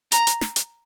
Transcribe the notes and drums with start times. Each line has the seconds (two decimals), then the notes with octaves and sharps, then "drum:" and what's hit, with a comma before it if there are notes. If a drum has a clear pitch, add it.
0.12 A#5, drum: hi-hat
0.27 drum: hi-hat
0.41 drum: snare
0.56 drum: hi-hat